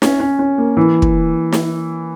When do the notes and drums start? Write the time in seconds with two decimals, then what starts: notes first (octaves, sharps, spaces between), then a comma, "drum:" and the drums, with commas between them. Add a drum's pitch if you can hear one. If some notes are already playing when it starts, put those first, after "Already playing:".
0.02 C#4, drum: snare
0.20 C#4
0.39 C#4
0.58 A#3
0.77 E3
1.02 drum: kick
1.52 drum: snare